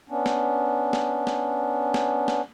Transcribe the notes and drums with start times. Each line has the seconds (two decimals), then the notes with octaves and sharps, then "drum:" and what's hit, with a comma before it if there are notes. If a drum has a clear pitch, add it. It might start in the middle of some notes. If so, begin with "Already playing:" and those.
0.09 B3 C#4 D4
0.26 drum: snare
0.93 drum: snare
1.27 drum: snare
1.94 drum: snare
2.28 drum: snare